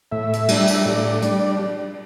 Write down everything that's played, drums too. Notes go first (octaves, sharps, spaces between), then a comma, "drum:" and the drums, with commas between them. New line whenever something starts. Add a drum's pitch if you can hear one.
A2 E5
drum: hi-hat
G3 D4, drum: cymbal
drum: tambourine
A2 D5
G3 D4, drum: hi-hat